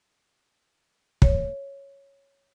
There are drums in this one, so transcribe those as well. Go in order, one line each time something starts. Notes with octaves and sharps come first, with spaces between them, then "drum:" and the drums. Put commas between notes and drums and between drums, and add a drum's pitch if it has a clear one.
C#5, drum: kick